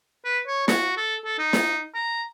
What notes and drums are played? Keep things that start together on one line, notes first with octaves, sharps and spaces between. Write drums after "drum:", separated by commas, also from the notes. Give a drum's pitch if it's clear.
B4
C#5
F#4, drum: snare
A4
A4
D#4
drum: snare
A#5